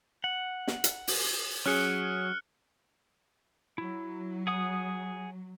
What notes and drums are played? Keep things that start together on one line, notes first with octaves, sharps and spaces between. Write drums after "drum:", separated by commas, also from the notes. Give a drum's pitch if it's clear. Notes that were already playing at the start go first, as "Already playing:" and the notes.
F#5
drum: snare
drum: hi-hat
drum: open hi-hat
F#3 C#4 G#4 F6 F#6 C#7
F#3 E4
G#4 F#5 D#6